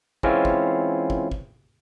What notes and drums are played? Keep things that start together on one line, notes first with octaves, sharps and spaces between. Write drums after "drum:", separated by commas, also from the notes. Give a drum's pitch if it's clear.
E3 G#3 C4 C#4 E4 F4, drum: kick
drum: kick
drum: kick
drum: kick